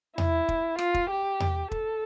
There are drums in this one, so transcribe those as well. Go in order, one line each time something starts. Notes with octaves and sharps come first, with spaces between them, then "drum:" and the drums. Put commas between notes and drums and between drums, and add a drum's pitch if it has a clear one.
E4, drum: tom E2
drum: kick
F4, drum: rim click
drum: kick
G4
drum: tom E2
A4, drum: kick